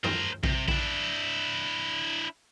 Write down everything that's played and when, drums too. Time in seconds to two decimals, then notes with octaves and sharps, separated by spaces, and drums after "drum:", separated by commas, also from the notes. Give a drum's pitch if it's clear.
0.04 A#4 C5, drum: tom F#2
0.44 C3, drum: kick A#1
0.68 D4 E4, drum: kick A#1